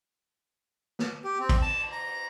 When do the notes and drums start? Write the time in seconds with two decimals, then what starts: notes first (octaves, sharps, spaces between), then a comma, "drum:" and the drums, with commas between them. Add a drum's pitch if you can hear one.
0.99 drum: snare
1.24 G4
1.39 C4
1.49 drum: kick A1, cymbal
1.62 A5
1.92 A#5